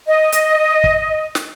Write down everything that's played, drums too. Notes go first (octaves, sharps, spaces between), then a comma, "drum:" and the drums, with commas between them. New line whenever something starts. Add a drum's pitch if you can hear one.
D#5
drum: hi-hat
drum: kick
drum: snare